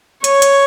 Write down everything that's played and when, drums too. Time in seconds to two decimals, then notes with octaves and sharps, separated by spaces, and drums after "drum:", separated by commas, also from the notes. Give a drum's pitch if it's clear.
0.24 C#5, drum: hi-hat
0.42 drum: hi-hat